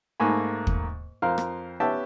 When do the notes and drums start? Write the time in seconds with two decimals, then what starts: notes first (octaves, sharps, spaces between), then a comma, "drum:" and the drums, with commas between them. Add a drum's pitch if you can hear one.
0.20 G#2 A3 A#3 G#5 B5
0.67 drum: kick
1.22 F2 A#4 C5 F5
1.38 drum: rim click
1.80 B3 C#4 G4 E5 G5 A5